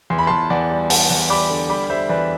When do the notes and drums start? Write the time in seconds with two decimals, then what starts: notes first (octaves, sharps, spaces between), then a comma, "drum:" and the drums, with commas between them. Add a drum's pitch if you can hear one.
0.10 E2 C6
0.18 B5
0.27 E2 A5 C6
0.50 E2 D5 F#5
0.70 G3
0.90 G3 F#5 A5, drum: open hi-hat
1.10 E2
1.30 G3 B5 D6
1.50 D3
1.69 G3 B5 D6
1.90 G3 C5 E5
2.09 E2 B4 D5